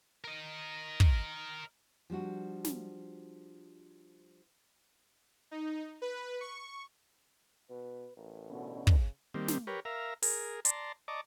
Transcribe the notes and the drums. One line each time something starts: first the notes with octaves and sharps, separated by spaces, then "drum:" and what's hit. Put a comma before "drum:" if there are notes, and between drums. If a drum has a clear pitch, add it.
A#4 D#5
drum: kick
F3 G3 D4 F#4
drum: snare
D#4
B4
C#6
B2 B4
A1 A#4
B2 D3 B3 C#4
C#3, drum: kick
D#3 G3 A#3 C4
drum: snare
G4 A#4 B4 C#5
A#4 E5 F5 A#5
G#4 A#4, drum: open hi-hat
D5 A5 A#5 C6, drum: hi-hat
D5 D#5 A5 A#5 C#6 D6